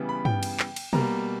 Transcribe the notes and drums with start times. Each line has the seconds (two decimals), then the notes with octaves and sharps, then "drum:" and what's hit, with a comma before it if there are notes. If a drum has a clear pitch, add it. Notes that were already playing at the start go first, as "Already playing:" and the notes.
Already playing: C#3 E3 G3 B3
0.09 B5
0.25 G5, drum: tom
0.43 drum: cymbal
0.60 drum: clap
0.76 drum: cymbal
0.93 B2 G3 A#3 A#5, drum: tom B2